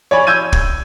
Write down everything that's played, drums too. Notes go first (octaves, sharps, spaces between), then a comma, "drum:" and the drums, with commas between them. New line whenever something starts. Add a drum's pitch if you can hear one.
C#5 D5 G#5 B5
E6 G6 G#6 D#7
G#6, drum: kick